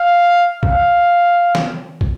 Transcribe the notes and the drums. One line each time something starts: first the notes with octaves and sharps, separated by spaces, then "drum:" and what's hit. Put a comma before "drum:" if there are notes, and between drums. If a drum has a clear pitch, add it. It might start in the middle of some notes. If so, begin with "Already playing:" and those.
Already playing: F5
F5, drum: kick
drum: snare
drum: kick